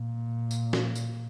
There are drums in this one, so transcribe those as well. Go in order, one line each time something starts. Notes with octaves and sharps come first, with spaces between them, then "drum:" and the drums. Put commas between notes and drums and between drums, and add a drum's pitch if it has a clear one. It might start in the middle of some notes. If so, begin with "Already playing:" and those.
Already playing: A#2
drum: tambourine
drum: snare
drum: tambourine